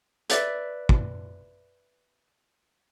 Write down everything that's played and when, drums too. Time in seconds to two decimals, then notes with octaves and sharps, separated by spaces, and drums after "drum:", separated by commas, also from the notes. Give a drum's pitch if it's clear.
0.29 B4 D5 E5, drum: hi-hat
0.89 drum: kick